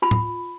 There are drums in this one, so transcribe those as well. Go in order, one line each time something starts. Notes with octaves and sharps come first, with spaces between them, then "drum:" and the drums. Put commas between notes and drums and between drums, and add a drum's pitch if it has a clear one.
F4 B5
drum: tom